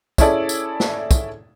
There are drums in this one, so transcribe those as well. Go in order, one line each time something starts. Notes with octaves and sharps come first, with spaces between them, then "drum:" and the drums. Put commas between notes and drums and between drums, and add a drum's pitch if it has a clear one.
C#4 E4 G#4 A4 D5, drum: kick, tambourine
drum: tambourine
drum: snare
drum: kick, tambourine